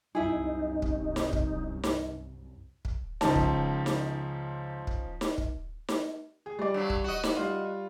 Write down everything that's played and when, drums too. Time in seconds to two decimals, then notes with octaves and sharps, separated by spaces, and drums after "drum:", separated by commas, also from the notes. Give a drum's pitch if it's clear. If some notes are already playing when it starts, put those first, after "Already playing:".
0.15 C2 F#2 D#4 E4 G#4
0.82 drum: kick
1.16 drum: snare D#4
1.33 drum: kick
1.84 drum: snare D#4
2.85 drum: kick
3.21 C#2 F3 C#4 D#4 A5, drum: snare D#4
3.35 drum: kick
3.86 drum: snare D#4
4.87 drum: kick
5.21 drum: snare D#4
5.38 drum: kick
5.89 drum: snare D#4
6.46 G#4
6.59 G3 D5
6.74 G2 F#3
6.90 drum: kick
7.04 F#4 D#5
7.24 drum: snare D#4
7.36 G3 F4